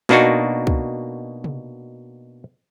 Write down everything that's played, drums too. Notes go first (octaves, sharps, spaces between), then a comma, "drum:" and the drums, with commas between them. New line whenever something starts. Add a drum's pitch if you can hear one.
B2 A#3 D4 D#4 F#4, drum: snare
drum: kick
drum: tom C3